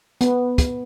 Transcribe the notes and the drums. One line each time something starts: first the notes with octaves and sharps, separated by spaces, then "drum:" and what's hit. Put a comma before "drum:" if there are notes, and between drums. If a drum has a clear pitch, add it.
B3, drum: hi-hat
drum: kick, hi-hat